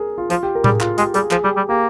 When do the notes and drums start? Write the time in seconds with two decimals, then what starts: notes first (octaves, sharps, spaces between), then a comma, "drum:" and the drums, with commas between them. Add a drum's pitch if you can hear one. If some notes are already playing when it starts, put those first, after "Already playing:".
Already playing: G#4 A#4
0.18 F4
0.30 F3 F4, drum: hi-hat
0.43 G4
0.55 A#4
0.64 G3, drum: tom A2
0.68 G#4
0.80 F4, drum: clap
0.98 G#3 G4, drum: hi-hat
1.14 G3 G#4, drum: hi-hat
1.31 F3 G#4, drum: clap
1.44 G3 G4
1.57 G3
1.69 A#3 G4